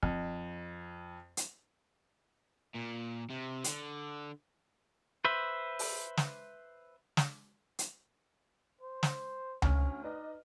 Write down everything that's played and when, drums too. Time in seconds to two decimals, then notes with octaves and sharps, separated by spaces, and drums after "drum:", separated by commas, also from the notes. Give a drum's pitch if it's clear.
0.03 F2, drum: kick
1.37 drum: hi-hat
2.74 A#2
3.30 C3
3.64 D3, drum: hi-hat
5.25 B4 C5 E5
5.79 drum: open hi-hat
6.17 drum: snare
7.17 drum: snare
7.79 drum: hi-hat
8.81 C5
9.03 drum: snare
9.62 D2 C#4 F6, drum: tom C#2
10.04 D#4 B4 D5 D#5